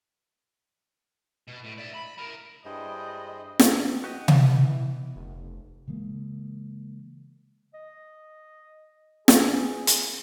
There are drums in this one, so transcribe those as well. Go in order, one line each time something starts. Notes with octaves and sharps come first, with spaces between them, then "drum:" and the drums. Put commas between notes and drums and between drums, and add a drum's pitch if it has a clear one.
B2
A2
D5 E5
B5
E4 A#4
G2 E4 G#4 C5 D#5
drum: snare
F#4 G4 D#5
B2 E3, drum: tom C3
F1
C#3 E3 G#3 A#3
D#5
G#4, drum: snare
drum: hi-hat